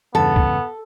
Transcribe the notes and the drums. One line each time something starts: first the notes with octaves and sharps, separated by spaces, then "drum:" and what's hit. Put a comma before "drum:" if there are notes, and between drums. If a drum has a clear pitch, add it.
E2 G2 C#3 B3 A4
drum: kick C2